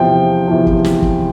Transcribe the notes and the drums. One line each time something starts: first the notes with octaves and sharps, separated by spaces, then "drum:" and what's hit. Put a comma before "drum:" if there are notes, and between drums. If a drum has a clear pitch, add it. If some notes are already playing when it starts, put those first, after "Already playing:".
Already playing: E2 C3 F3 G5
E2 C3 F3
drum: kick
drum: snare
drum: kick